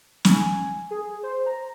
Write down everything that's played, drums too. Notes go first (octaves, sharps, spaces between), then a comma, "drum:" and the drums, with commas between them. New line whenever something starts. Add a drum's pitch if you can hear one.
G#5, drum: snare
G#4
C5
A#5